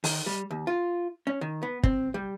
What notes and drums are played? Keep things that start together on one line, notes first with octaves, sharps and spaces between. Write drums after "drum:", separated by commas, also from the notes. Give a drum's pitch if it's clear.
D#3, drum: open hi-hat
G3
D#2
F4
C#4
D#3
B3
C4, drum: kick
G3